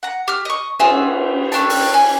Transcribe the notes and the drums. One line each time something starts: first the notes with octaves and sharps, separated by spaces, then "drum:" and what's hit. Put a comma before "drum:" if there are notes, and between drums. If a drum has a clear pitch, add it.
F#5 A#5
G4 F6
D#5 C#6
F4 F#4 G#4 E5, drum: cymbal
A3 D4 G5 A5, drum: hi-hat
drum: open hi-hat
G#5